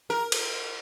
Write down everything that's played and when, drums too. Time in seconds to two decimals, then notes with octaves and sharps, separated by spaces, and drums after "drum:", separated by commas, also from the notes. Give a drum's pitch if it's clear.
0.10 A#4
0.32 drum: cymbal